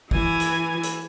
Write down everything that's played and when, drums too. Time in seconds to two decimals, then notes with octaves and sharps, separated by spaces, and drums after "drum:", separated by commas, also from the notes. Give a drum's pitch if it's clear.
0.11 E3 G#5, drum: kick
0.40 drum: hi-hat
0.83 drum: hi-hat